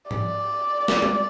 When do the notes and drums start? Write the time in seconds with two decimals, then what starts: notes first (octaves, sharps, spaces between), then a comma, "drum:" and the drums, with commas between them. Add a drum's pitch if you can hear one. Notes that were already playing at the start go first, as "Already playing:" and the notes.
0.11 D5, drum: tom G#2
0.88 drum: snare
1.02 drum: tom G#3